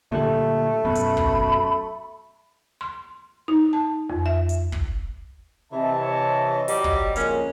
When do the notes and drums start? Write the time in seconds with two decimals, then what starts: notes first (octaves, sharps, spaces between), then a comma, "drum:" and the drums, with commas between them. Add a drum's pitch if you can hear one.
0.12 A#2 D3 G3 A3
0.85 F#2 B2 B5
0.95 drum: hi-hat
1.17 drum: kick
2.81 C6
3.48 D#4
3.73 A5
4.10 F2
4.26 E5
4.49 drum: hi-hat
4.72 drum: kick
5.72 C3 E3 D#5 E5 A5
6.01 C#5 D#5
6.68 F#3 G3, drum: open hi-hat
6.84 drum: kick
7.16 F2 C#3 G#3 A#3 C#4, drum: hi-hat